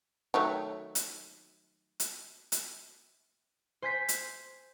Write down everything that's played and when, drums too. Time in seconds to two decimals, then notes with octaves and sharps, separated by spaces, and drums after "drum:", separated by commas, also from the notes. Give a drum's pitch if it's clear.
0.34 D#3 F#3 A3
0.95 drum: hi-hat
2.00 drum: hi-hat
2.52 drum: hi-hat
3.82 C5 G#5 G6 B6
4.09 drum: hi-hat